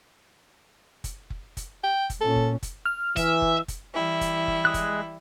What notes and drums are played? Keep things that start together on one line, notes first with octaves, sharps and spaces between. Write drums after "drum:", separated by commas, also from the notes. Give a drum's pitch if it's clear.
drum: kick F#1, hi-hat
drum: kick F#1
drum: kick F#1, hi-hat
G5
drum: kick F#1, hi-hat
A#2 C#4 A4
drum: kick F#1
drum: kick F#1, hi-hat
F6
E3 E5, drum: kick F#1, hi-hat
drum: kick F#1
drum: kick F#1, hi-hat
E3 G3 E4
drum: kick F#1, hi-hat
drum: kick F#1
G#3 D#6 F#6
drum: kick F#1, hi-hat